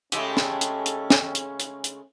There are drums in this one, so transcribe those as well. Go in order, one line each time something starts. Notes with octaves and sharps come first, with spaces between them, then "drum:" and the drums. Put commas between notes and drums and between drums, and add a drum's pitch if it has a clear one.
C#3 G#3 A3 C#4 D#4 G4 A4, drum: hi-hat
drum: snare
drum: hi-hat
drum: hi-hat
drum: snare
drum: hi-hat
drum: hi-hat
drum: hi-hat